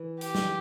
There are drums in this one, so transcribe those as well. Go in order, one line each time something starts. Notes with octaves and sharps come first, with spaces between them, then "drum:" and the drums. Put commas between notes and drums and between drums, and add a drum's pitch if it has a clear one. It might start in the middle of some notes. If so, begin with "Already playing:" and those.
Already playing: E3
G4, drum: hi-hat
drum: snare